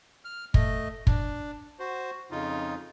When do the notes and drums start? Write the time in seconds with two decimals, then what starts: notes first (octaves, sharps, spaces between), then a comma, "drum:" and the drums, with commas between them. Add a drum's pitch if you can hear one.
0.25 F6
0.54 A3 D#5, drum: kick
1.07 D4, drum: kick
1.79 F#4 C5
2.31 F2 C#3 D#4 F4